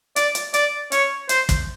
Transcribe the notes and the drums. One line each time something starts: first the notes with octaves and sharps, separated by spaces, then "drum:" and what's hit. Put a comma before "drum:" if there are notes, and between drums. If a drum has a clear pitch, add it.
D5, drum: hi-hat
drum: hi-hat
D5, drum: hi-hat
C#5, drum: hi-hat
C5, drum: hi-hat
drum: kick, hi-hat